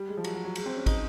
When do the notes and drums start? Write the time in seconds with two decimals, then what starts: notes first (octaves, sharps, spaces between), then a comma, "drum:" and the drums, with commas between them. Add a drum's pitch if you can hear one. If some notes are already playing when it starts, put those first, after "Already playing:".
Already playing: G3
0.09 G#3
0.17 F3
0.24 F#3, drum: cymbal
0.34 F#3
0.45 F#3
0.55 G#3, drum: cymbal
0.66 C4
0.77 C#4
0.86 D#4, drum: kick, cymbal